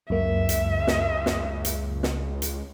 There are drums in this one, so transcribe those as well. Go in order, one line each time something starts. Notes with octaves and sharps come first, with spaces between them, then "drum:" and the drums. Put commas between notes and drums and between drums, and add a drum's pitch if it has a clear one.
C#2 F#2 A#3 E5
drum: hi-hat
drum: snare
drum: snare
drum: hi-hat
drum: snare
drum: hi-hat